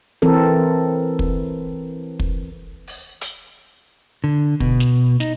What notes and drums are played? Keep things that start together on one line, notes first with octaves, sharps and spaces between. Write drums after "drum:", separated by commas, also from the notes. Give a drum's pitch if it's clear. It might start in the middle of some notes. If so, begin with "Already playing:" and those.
E3 C4 A4 A#4
drum: kick
drum: kick
drum: open hi-hat
drum: hi-hat
D3
B2, drum: kick
drum: snare
D#4, drum: snare